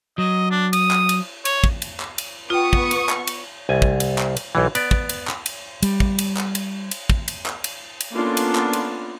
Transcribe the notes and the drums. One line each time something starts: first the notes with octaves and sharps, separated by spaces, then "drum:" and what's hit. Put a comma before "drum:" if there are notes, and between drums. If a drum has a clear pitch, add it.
F#3 D#5
D4
D#6, drum: cymbal
drum: clap
drum: cymbal
C#5, drum: cymbal
drum: kick
drum: cymbal
drum: clap
drum: cymbal
B3 F4 G5 C#6 D#6
drum: kick
drum: cymbal
drum: clap
drum: cymbal
C2 G#5
drum: kick
drum: cymbal
drum: clap
drum: cymbal
B1 E3
B3 D5, drum: cymbal
drum: kick
drum: cymbal
drum: clap
drum: cymbal
G3, drum: cymbal
drum: kick
drum: cymbal
drum: clap
drum: cymbal
drum: cymbal
drum: kick
drum: cymbal
drum: clap
drum: cymbal
drum: cymbal
A#3 B3 C#4 D4 F4 A4
drum: cymbal
drum: clap
drum: cymbal